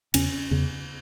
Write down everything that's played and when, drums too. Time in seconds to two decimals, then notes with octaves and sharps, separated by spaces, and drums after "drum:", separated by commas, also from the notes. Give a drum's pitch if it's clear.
0.14 E2 C#3 C#4, drum: cymbal
0.51 E2 C#3